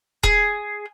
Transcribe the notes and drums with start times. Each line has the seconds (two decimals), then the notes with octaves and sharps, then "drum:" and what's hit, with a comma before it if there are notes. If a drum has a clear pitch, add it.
0.24 G#4, drum: kick D#1